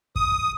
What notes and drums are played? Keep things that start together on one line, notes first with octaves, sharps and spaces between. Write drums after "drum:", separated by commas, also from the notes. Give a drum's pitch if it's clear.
D#6, drum: kick